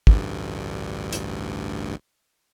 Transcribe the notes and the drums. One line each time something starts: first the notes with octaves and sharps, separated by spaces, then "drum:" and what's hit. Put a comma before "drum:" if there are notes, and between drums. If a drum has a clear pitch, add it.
A1 D2 G2, drum: kick
drum: hi-hat